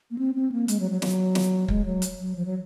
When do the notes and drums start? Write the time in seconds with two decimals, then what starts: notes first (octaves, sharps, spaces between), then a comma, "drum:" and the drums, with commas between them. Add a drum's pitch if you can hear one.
0.11 A#3
0.19 C4
0.35 C4
0.52 A#3
0.68 G#3, drum: hi-hat
0.80 F#3
0.91 F#3
1.02 F#3, drum: snare
1.35 drum: snare
1.68 G#3, drum: kick
1.85 F#3
2.02 drum: hi-hat
2.19 F#3
2.36 F3
2.46 F#3